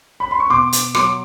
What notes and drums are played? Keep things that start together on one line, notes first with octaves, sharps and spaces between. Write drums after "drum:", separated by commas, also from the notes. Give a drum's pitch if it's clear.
B5
C6
C#6
B2 C6 D6
drum: hi-hat
F#3 C6 D6, drum: rim click